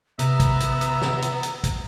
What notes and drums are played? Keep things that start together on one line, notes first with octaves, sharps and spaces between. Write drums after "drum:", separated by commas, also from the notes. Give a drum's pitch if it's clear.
C3 B3 E5 A#5, drum: hi-hat
drum: kick, hi-hat
drum: hi-hat
drum: hi-hat
drum: snare
drum: hi-hat
drum: hi-hat
drum: kick, hi-hat